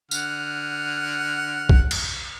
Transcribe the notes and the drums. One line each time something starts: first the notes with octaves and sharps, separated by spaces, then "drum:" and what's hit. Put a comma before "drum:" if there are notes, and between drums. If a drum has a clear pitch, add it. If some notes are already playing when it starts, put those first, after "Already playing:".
D3 F#5 F6, drum: tambourine
drum: kick B1
drum: cymbal